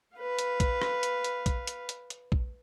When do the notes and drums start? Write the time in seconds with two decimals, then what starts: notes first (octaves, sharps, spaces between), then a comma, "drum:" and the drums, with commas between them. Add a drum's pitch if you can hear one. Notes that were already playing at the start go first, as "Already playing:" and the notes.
0.17 B4 F5
0.39 drum: hi-hat
0.60 drum: kick A#1, hi-hat
0.82 drum: rim click
1.03 drum: hi-hat
1.24 drum: hi-hat
1.46 drum: kick A#1, hi-hat
1.67 drum: hi-hat
1.89 drum: hi-hat
2.10 drum: hi-hat
2.32 drum: kick A#1